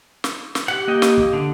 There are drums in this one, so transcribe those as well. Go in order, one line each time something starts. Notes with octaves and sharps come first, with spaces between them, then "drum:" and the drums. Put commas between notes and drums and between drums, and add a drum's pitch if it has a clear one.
drum: snare
drum: snare
G4 F#5
A#3 D#5 G5
drum: snare
drum: kick
D3